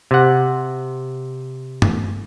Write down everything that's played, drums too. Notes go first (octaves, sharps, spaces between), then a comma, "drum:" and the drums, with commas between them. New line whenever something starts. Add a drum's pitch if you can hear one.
C3 F#5
drum: tom G2